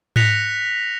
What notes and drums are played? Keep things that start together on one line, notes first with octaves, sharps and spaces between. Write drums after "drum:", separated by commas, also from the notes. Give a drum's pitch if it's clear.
F#6 A#6 B6 C#7 F7, drum: tom G#2